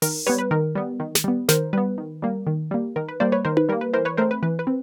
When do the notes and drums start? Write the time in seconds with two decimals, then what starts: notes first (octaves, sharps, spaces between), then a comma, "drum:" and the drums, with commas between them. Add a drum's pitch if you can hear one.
0.02 D#3 A#4, drum: open hi-hat
0.27 G3 B3 B4 C#5
0.39 B4
0.51 D#3 A#4
0.75 G3 B3
1.00 D#3
1.15 drum: snare
1.24 G3 B3
1.49 D#3 A#4 C5, drum: snare
1.73 G3 B3 B4
1.98 D#3
2.22 G3 A#3
2.47 D#3
2.71 G3 A#3
2.96 D#3 A#4
3.08 B4
3.20 G3 A#3 C5 D5
3.32 B4 C#5
3.45 D#3 A#4 C5
3.57 B4, drum: tom D#4
3.69 G3 A#3 A#4
3.81 B4
3.94 E3 A#4 C5
4.05 B4 C#5
4.17 A3 C4 A#4 C5
4.31 B4
4.43 E3 B4
4.59 B4
4.67 C4